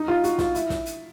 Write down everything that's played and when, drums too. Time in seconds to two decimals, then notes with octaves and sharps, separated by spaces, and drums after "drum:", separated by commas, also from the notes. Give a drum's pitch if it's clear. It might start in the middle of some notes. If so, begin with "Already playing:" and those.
Already playing: D#4
0.08 F4
0.24 F#4, drum: hi-hat
0.39 F4, drum: snare
0.55 E4, drum: hi-hat
0.70 drum: snare
0.86 drum: hi-hat